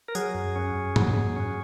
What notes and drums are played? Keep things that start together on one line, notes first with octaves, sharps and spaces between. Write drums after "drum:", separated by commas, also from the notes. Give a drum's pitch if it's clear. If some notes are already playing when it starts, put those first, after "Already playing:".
A#4
F#3 G#4, drum: tambourine
F#2
C#4
F#2
F#3, drum: tom G#2
F#2
C#4